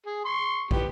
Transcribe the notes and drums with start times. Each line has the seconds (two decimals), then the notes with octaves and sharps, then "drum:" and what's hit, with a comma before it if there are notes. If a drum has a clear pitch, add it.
0.06 G#4
0.25 C6 C#6
0.71 B3 G4, drum: kick